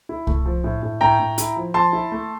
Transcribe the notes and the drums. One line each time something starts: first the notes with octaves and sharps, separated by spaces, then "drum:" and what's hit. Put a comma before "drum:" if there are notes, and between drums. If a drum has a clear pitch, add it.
E4
A3, drum: kick C2
F3
A2
A2
A2 G5 A#5
A2
E4, drum: hi-hat
F3
F3 A5 C6
E4
A3